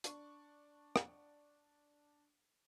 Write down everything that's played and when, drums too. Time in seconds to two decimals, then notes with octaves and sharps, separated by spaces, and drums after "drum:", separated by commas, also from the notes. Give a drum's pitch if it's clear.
0.04 D4 C#6, drum: hi-hat
0.96 drum: rim click